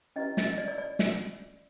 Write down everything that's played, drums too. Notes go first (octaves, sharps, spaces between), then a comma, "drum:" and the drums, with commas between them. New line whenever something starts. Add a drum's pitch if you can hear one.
C#4 E4 G4 B4 D#5
D#5, drum: snare
D5
D5
D5
drum: snare